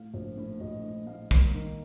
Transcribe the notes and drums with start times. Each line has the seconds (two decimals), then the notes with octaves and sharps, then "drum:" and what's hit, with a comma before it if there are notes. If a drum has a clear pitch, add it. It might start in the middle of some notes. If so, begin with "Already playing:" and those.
Already playing: A2 F5
0.14 A#1
0.37 A2
0.60 A#1 D#5
0.83 A2
1.07 A2 F5
1.31 A#3, drum: kick
1.54 D#3